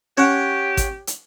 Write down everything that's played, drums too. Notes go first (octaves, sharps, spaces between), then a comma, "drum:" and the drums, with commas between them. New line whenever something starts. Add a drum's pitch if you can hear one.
C#4 G4 C#5 F#5
drum: kick G#1, hi-hat
drum: hi-hat